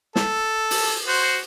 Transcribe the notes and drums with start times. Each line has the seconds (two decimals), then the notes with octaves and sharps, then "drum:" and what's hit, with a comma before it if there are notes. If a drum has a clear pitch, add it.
0.16 A4, drum: snare
0.71 drum: open hi-hat
1.08 F#4 C5